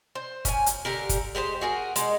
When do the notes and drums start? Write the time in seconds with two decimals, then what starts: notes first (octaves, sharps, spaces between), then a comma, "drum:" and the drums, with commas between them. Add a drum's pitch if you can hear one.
0.15 C5
0.45 C#4 G#5, drum: kick, hi-hat
0.66 drum: hi-hat
0.85 D3 G4 A#4
1.09 drum: kick, hi-hat
1.35 G#3 G4 B4 C5
1.61 F#4 G#4 A#4
1.96 G#3 D#4, drum: hi-hat